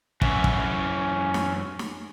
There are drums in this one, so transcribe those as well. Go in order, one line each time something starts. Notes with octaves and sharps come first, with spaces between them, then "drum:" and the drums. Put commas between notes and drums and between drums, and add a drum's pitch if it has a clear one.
F#2 E3 C#4, drum: kick
drum: kick
drum: snare
drum: snare